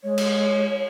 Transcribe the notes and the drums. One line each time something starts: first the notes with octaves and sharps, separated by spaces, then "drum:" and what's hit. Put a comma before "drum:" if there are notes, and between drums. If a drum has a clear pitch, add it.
G#3 C#5
drum: cymbal